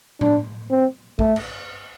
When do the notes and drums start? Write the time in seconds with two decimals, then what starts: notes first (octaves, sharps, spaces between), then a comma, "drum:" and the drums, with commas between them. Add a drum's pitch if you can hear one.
0.21 D4, drum: tom A2
0.71 C4
1.19 A3, drum: kick
1.36 drum: cymbal